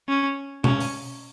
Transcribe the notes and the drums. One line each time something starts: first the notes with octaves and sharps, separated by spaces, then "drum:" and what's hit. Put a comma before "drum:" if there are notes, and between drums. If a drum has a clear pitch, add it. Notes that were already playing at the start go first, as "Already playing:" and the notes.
C#4
C#4, drum: tom B2
drum: open hi-hat